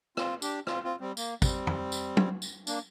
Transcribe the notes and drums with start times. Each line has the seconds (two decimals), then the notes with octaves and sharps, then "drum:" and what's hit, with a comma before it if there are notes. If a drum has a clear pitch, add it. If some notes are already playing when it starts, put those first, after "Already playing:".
0.17 C4 F4, drum: rim click
0.42 D4 G4, drum: tambourine
0.67 C4 F4, drum: rim click
0.84 C4 F4
1.00 G3 C4
1.17 A#3, drum: tambourine
1.42 G3 C4, drum: kick, tambourine
1.67 drum: tom
1.92 drum: tambourine
2.17 drum: tom
2.42 drum: tambourine
2.67 A#3 D4, drum: tambourine